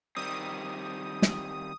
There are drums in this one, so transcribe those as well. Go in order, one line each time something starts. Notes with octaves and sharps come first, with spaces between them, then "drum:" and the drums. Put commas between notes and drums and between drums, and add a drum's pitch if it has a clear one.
D#3 G3 C4 D#6
drum: snare